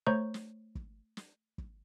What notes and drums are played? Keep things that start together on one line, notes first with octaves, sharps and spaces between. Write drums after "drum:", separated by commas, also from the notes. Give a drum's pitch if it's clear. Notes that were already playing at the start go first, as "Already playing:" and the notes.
A3 C5 C#5 A#5 C#6 G6
drum: snare
drum: kick
drum: snare
drum: kick